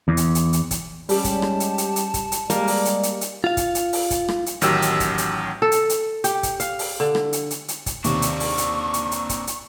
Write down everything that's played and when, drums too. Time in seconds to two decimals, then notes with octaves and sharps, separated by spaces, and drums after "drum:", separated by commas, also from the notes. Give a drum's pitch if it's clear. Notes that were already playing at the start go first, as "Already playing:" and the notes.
0.08 E2
0.17 drum: hi-hat
0.35 drum: hi-hat
0.53 drum: hi-hat
0.71 drum: kick, hi-hat
1.09 G3 G#3 C#4 G4 A5, drum: open hi-hat
1.24 drum: kick, hi-hat
1.42 drum: rim click
1.60 drum: hi-hat
1.78 drum: hi-hat
1.96 drum: hi-hat
2.14 drum: kick, hi-hat
2.32 drum: hi-hat
2.50 G3 G#3 A#3 D5, drum: hi-hat
2.67 drum: open hi-hat
2.85 drum: hi-hat
3.03 drum: hi-hat
3.21 drum: hi-hat
3.44 F4 F5
3.57 drum: kick, hi-hat
3.75 drum: hi-hat
3.93 drum: open hi-hat
4.11 drum: kick, hi-hat
4.28 drum: rim click
4.46 drum: hi-hat
4.61 A1 D#3 F#3 G4 E6, drum: hi-hat
4.82 drum: hi-hat
5.00 drum: kick, hi-hat
5.18 drum: hi-hat
5.62 A4
5.72 drum: hi-hat
5.89 drum: hi-hat
6.24 G4, drum: hi-hat
6.43 drum: kick, hi-hat
6.60 F5, drum: hi-hat
6.79 drum: open hi-hat
7.00 D3
7.15 drum: rim click
7.33 drum: hi-hat
7.50 drum: hi-hat
7.68 drum: hi-hat
7.86 drum: kick, hi-hat
8.04 D#2 C3 D#3 A#3 C4 D4 C#6, drum: hi-hat
8.22 drum: hi-hat
8.40 drum: open hi-hat
8.58 drum: hi-hat
8.94 drum: hi-hat
9.12 drum: hi-hat
9.29 drum: kick, hi-hat
9.47 drum: hi-hat